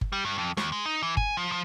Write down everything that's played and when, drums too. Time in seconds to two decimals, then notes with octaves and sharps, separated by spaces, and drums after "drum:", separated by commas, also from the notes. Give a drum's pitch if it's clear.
0.01 drum: kick G1
0.13 G3
0.25 G2
0.38 F2
0.57 D#2, drum: snare
0.72 G#3
0.86 D#4
1.03 E3
1.17 G#5, drum: kick G1
1.37 F3
1.52 F3